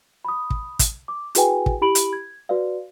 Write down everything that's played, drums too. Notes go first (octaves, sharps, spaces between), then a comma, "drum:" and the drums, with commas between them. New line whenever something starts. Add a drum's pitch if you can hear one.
B5 D#6
drum: kick
drum: kick, hi-hat
D6
E4 F#4 G#4 B4 G5 G#5, drum: hi-hat
drum: kick
E4 G4 B5 D7 F#7
drum: hi-hat
G#6
F#4 B4 D5 F5